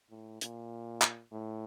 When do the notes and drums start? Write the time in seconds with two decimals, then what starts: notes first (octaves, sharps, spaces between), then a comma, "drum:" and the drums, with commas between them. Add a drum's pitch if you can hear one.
0.11 A2
0.41 A#2, drum: hi-hat
1.02 drum: clap
1.32 A2